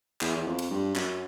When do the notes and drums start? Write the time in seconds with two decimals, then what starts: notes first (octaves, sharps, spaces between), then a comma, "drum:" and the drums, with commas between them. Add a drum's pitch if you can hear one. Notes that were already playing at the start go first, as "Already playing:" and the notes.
0.21 E2, drum: clap
0.37 E2
0.47 F2
0.59 drum: cymbal
0.71 G2
0.96 F#2, drum: clap